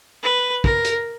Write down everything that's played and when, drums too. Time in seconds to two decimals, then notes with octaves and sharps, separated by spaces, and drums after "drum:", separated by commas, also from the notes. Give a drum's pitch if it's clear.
0.23 B4
0.64 A#4, drum: kick
0.85 drum: hi-hat